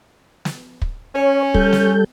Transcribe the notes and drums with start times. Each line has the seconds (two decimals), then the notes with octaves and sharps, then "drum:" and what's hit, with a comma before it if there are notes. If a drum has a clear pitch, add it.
0.45 drum: snare
0.82 drum: kick
1.15 C#4 C#5
1.54 G3 A4 G6, drum: kick
1.73 drum: snare